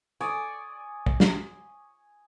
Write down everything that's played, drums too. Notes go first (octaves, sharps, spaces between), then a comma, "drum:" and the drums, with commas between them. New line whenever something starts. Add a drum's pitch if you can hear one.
D5 G#5 C#6 D#6
drum: kick
drum: snare